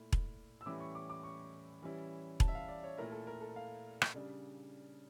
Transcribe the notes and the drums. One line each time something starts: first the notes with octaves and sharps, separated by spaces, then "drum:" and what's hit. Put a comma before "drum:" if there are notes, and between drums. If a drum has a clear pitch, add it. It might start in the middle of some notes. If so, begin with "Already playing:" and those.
Already playing: A#2 A3 E4
drum: kick E1
E6
A2 E3 G3 C#4 E4 D6
C#6
D6
D6
C#6
E3 G3 C#4 E4
A5, drum: kick E1
E5
F5
D5
C#5
A#2 A3 E4 A#4
A4
A#4
A4
F5
drum: rim click
C#3 G3 D4